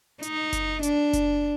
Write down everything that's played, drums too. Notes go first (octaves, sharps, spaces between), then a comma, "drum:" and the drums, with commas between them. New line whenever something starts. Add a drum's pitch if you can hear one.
D#4, drum: hi-hat
drum: kick F#1, hi-hat
D4, drum: hi-hat
drum: kick F#1, hi-hat